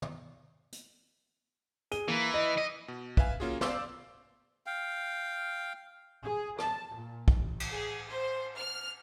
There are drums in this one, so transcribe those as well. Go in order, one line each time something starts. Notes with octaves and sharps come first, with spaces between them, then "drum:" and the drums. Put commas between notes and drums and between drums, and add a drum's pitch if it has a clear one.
drum: tom
drum: hi-hat
G#4 D#7 G7, drum: hi-hat
E3 A#3
D#5
D#5
B2
B4 E5 F5 G#5, drum: kick
A#3 C#4 F4 F#4 G#4
C5 D5 F5 C6 D6 E6, drum: snare
F5 G5
G#4
A5, drum: rim click
A#2
drum: kick
A1
drum: cymbal
G#4
C5
F6